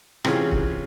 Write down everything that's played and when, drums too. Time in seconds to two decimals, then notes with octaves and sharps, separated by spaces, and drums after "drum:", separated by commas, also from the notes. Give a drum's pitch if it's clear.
0.24 C3 E3 C#4 F4 G#4, drum: rim click
0.51 drum: kick C#1